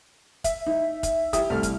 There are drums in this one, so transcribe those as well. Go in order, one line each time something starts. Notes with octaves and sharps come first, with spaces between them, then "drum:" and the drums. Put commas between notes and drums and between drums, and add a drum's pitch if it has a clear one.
E5, drum: kick, hi-hat
D#4
drum: kick, hi-hat
E4 G4 D#6, drum: kick, hi-hat
C2 A3 F6
drum: kick, hi-hat